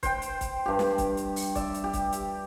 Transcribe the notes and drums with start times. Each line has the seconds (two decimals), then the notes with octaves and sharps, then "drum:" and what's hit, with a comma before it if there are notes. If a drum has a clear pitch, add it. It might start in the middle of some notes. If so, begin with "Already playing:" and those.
0.03 C5 G5, drum: kick C#1, hi-hat
0.22 drum: hi-hat
0.41 drum: kick C#1, hi-hat
0.66 G2 G4
0.79 drum: snare
0.98 drum: kick C#1, hi-hat
1.17 drum: hi-hat
1.36 drum: open hi-hat
1.55 D5 E5, drum: kick C#1, hi-hat
1.74 drum: hi-hat
1.84 G4
1.93 drum: kick C#1, hi-hat
2.12 drum: hi-hat